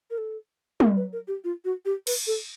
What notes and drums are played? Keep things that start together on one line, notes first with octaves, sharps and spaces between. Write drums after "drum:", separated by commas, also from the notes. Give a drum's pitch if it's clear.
A#4
A4
A#4, drum: tom
B4
A#4
G4
F4
F#4
G4
B4, drum: cymbal
A4